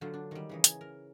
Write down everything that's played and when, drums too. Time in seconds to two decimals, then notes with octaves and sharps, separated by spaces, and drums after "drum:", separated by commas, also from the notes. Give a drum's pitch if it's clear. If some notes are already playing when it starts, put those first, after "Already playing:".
0.01 D3 F#3 F4 C5
0.14 D4
0.31 D#3 G3
0.49 C#3 E3 D#4
0.64 G#5, drum: hi-hat
0.81 A#4